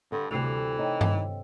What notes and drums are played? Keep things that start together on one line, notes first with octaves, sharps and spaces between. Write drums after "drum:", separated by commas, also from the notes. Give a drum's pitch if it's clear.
G2 D3 A4
D2 C3 E3 G3 A4 C7 F7
D#4 C#5 D#5 G5
drum: tom G2